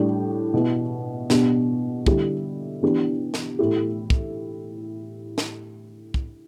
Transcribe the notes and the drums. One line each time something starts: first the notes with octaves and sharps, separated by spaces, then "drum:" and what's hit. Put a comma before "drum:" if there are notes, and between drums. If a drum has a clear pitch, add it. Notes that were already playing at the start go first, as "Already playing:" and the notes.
Already playing: A2 G3 D4 G4
B2 B3 E4
B2 B3 D4 G4, drum: snare
D3 G3 E4 G4, drum: kick
E3 B3 D4 G4
drum: snare
A2 A3 E4 G4
drum: kick
drum: snare
drum: kick